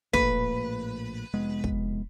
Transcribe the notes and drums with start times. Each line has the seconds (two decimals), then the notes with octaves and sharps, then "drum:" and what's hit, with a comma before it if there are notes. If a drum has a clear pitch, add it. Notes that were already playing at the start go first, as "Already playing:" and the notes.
0.13 A#1 A2 A#3 B4, drum: kick
1.34 F1 G#3 B3
1.64 drum: kick